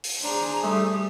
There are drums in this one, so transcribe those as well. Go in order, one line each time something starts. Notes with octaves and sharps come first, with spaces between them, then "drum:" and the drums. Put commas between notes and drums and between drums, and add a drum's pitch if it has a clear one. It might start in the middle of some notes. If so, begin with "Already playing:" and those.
drum: open hi-hat
D4 G#4 C5 A#5
G3 A3 D#6